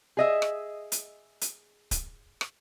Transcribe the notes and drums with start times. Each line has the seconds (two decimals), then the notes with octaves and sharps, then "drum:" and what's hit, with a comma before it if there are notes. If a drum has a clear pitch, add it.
0.17 G#4 D#5 E5
0.42 drum: rim click
0.92 drum: hi-hat
1.41 drum: hi-hat
1.91 drum: kick C#1, hi-hat
2.41 drum: rim click